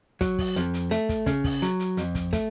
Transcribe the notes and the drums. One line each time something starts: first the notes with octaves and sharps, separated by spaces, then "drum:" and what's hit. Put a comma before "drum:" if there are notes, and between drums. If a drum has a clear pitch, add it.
F#3, drum: kick, hi-hat
drum: kick, open hi-hat
F2, drum: hi-hat
drum: hi-hat
A3, drum: hi-hat
drum: kick, hi-hat
C#3, drum: kick, hi-hat
drum: kick, open hi-hat
F#3, drum: hi-hat
drum: hi-hat
F2, drum: hi-hat
drum: kick, hi-hat
A3, drum: kick, hi-hat